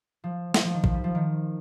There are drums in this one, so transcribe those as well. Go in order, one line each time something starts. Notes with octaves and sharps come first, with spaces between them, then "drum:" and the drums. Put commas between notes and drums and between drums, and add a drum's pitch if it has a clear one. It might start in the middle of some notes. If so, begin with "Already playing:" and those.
F3
F3, drum: snare
F3
D#3
F3, drum: kick
G3
F3
D#3